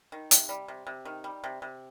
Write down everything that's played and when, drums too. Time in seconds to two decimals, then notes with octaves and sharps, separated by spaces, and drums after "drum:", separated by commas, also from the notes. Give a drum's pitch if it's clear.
0.12 D#3
0.31 C3, drum: hi-hat
0.49 G3
0.68 C3
0.87 C3
1.05 D#3
1.24 G3
1.44 C3
1.62 C3